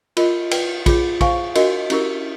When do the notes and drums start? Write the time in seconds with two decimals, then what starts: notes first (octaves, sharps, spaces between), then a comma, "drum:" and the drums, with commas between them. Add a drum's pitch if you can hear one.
0.17 F4 A#4 D#5, drum: cymbal
0.51 B4 D5 G5, drum: cymbal
0.86 F4 G#4 C#5, drum: kick A#1, cymbal
1.21 C5 F5 G#5 C#6, drum: kick A#1, cymbal
1.55 D4 F#4 A#4 D#5, drum: cymbal
1.90 C#4 E4 G4 A#4, drum: cymbal